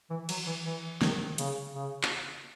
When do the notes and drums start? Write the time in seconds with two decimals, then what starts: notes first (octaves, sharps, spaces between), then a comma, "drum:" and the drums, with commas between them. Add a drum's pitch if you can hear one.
0.10 E3
0.29 F#3, drum: cymbal
0.47 E3
0.65 E3
1.02 D#3, drum: snare
1.38 C#3, drum: hi-hat
1.75 C#3
2.03 drum: clap